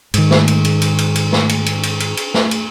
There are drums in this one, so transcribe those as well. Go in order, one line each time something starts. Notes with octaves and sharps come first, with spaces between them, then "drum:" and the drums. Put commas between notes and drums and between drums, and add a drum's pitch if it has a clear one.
G#2 D#3, drum: cymbal
drum: snare
drum: cymbal
drum: cymbal
drum: cymbal
drum: cymbal
drum: cymbal
drum: snare
drum: cymbal
drum: cymbal
drum: cymbal
drum: cymbal
drum: cymbal
drum: snare
drum: cymbal